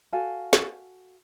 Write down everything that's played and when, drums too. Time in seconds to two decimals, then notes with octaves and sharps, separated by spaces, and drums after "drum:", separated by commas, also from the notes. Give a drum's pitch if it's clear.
0.13 F#4 A4 F5 G#5
0.53 drum: snare